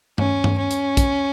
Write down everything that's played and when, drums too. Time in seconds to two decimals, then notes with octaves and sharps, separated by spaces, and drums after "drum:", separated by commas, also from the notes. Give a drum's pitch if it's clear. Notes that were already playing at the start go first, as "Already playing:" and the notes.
0.18 C#4, drum: tom G2
0.44 drum: tom G2
0.58 C#4
0.71 drum: hi-hat
0.97 drum: kick, hi-hat